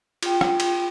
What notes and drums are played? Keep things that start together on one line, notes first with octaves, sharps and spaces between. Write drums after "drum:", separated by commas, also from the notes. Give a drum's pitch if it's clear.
F4 G5, drum: cymbal
drum: rim click
drum: cymbal